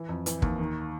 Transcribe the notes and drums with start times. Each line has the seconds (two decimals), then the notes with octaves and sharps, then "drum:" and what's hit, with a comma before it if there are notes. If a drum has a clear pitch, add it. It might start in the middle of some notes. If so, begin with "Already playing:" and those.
Already playing: E3
0.09 F2
0.26 E3, drum: hi-hat
0.42 D#2, drum: kick
0.59 D#3